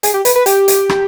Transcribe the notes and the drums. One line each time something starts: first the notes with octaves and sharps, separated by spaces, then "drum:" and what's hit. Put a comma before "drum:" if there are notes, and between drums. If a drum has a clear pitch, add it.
G#4, drum: hi-hat
G4
B4, drum: hi-hat
B4
G4, drum: hi-hat
drum: hi-hat
drum: rim click